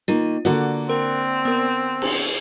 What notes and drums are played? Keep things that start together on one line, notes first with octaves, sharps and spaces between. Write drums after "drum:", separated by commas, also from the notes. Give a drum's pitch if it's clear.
D#3 A#3 F4
D3 A#3 F#4 D5
C4 A#4
B3 A#4
drum: cymbal